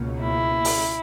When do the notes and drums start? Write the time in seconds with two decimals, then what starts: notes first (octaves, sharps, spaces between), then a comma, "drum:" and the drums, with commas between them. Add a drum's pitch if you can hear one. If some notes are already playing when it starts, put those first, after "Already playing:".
Already playing: C#2 B2 A#3 C#4
0.22 E4
0.65 drum: open hi-hat